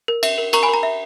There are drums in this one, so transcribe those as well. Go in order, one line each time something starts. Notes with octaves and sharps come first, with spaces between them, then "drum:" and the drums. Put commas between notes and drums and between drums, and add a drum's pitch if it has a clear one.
A#4
E5, drum: cymbal
A#4
A#4 A#5 C#6, drum: cymbal
G#5 B5
A#4
A#5
E5